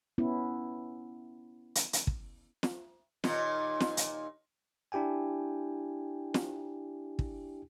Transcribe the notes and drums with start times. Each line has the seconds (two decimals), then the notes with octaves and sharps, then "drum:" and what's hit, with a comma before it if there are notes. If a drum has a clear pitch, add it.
0.18 B3 C#4 E4
1.75 drum: hi-hat
1.93 drum: hi-hat
2.07 drum: kick
2.63 drum: snare
3.24 D#2 A#2 D#4, drum: snare
3.80 drum: snare
3.97 drum: hi-hat
4.92 D4 E4 G4 G5 G#5
6.34 drum: snare
7.19 drum: kick